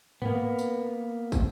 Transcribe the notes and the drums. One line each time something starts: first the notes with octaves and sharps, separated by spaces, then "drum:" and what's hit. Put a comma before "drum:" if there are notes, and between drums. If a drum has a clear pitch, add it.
A#3 B3, drum: tom G#2
drum: tambourine
drum: kick, tambourine